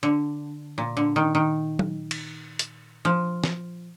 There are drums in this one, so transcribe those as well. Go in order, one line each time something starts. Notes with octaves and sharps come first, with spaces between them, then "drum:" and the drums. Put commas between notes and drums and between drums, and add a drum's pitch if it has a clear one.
D3
A#2
D3
D#3
D#3
drum: tom
drum: cymbal
drum: hi-hat
F3
drum: snare